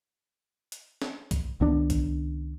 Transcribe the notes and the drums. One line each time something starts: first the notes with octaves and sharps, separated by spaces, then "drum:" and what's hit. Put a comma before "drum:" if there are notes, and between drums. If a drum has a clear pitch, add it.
drum: hi-hat
drum: snare
drum: kick B1, hi-hat
C#2 D#3 B3 D4
drum: kick B1, hi-hat